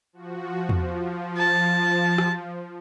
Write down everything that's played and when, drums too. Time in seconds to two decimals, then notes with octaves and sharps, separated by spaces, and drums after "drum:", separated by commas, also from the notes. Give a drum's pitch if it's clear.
0.13 F3 F#4
0.69 F3, drum: tom E2
1.37 A5
2.18 drum: rim click